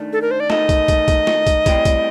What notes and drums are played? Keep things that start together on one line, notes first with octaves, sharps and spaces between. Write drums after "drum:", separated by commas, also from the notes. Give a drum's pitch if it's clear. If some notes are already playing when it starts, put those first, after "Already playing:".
Already playing: D#3 A3 D4
A4
A#4
C5
D5
D#3 A3 D#4 A4 D#5, drum: snare
drum: kick, hi-hat
drum: kick, hi-hat
drum: kick, hi-hat
drum: snare
drum: kick, hi-hat
A2 G3 C4, drum: kick, hi-hat
drum: kick, hi-hat